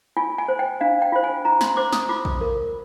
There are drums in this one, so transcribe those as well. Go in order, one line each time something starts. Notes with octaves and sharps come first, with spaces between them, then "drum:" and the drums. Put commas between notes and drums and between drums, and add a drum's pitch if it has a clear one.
F4 G#5
G#5
C5
G5
D4 F5
G5
F4 C5
G#5
F4 A#5
C6, drum: snare
C5 D6
D#6, drum: snare
F4 D6
drum: kick A#1
A#4